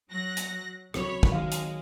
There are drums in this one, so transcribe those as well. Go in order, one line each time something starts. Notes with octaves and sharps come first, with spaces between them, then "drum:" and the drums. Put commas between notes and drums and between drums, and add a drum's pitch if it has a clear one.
F#3 F#6 A#6
drum: hi-hat
C#2 F#3 C4 C#5 B5, drum: rim click
drum: kick
D#3 F#3 G#3 F5
drum: hi-hat